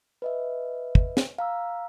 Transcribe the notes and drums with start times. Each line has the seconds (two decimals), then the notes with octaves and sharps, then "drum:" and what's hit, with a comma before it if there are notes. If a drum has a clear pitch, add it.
0.22 B4 D#5 E5
0.95 drum: kick
1.17 drum: snare
1.38 F5 A#5 E6